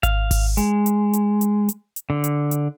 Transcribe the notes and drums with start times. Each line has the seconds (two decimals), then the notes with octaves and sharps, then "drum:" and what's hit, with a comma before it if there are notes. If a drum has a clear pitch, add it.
0.03 F5, drum: kick G#1, hi-hat
0.31 drum: kick G#1, open hi-hat
0.57 G#3, drum: hi-hat
0.86 drum: hi-hat
1.13 drum: hi-hat
1.41 drum: hi-hat
1.69 drum: hi-hat
1.96 drum: hi-hat
2.10 D3
2.24 drum: hi-hat
2.51 drum: hi-hat